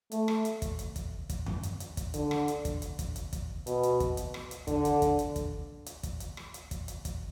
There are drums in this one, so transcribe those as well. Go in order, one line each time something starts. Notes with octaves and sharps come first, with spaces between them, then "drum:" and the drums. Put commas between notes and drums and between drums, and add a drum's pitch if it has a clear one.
A3, drum: hi-hat
drum: rim click
drum: hi-hat
drum: kick, hi-hat
drum: hi-hat
drum: kick, hi-hat
drum: kick, hi-hat
drum: tom F2
drum: hi-hat
drum: hi-hat
drum: kick, hi-hat
D3, drum: hi-hat
drum: rim click
drum: hi-hat
drum: kick, hi-hat
drum: hi-hat
drum: kick, hi-hat
drum: hi-hat
drum: kick, hi-hat
B2, drum: hi-hat
drum: hi-hat
drum: kick, hi-hat
drum: hi-hat
drum: rim click
drum: hi-hat
D3, drum: kick, hi-hat
drum: hi-hat
drum: kick, hi-hat
drum: hi-hat
drum: kick, hi-hat
drum: hi-hat
drum: kick, hi-hat
drum: hi-hat
drum: rim click
drum: hi-hat
drum: kick, hi-hat
drum: hi-hat
drum: kick, hi-hat